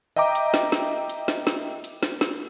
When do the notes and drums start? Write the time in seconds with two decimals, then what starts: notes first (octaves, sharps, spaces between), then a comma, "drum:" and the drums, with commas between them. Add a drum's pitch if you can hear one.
0.16 D#5 E5 G5 A#5 D6
0.35 drum: hi-hat
0.54 drum: snare
0.72 drum: snare
1.10 drum: hi-hat
1.28 drum: snare
1.47 drum: snare
1.84 drum: hi-hat
2.03 drum: snare
2.21 drum: snare